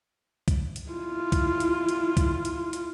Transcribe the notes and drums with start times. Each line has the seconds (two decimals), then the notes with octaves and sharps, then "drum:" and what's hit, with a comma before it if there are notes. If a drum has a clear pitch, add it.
0.48 drum: kick C2, hi-hat
0.76 drum: hi-hat
0.90 E4 F4
1.32 drum: kick C2, hi-hat
1.60 drum: hi-hat
1.89 drum: hi-hat
2.17 drum: kick C2, hi-hat
2.45 drum: hi-hat
2.73 drum: hi-hat